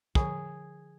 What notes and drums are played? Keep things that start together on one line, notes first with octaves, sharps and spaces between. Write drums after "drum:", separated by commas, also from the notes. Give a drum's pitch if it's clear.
D3 F3 G#4, drum: kick